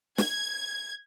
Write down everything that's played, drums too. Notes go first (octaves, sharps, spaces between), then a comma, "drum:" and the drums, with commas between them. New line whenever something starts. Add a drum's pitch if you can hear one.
G#6, drum: snare